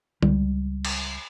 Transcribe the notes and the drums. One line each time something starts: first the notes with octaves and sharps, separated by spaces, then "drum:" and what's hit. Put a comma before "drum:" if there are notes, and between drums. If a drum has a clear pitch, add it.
C#2 G3, drum: tom D3
drum: cymbal